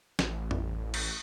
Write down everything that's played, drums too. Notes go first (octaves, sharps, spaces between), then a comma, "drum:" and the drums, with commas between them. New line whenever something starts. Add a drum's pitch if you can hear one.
A1, drum: snare
drum: tom F2
drum: cymbal